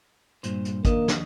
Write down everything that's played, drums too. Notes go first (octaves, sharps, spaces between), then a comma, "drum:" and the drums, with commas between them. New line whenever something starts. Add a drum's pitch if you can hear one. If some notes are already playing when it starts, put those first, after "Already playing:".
G2 A#2 C5, drum: hi-hat
drum: hi-hat
D#2 A#3 D4 D#5, drum: kick G#1, hi-hat
drum: snare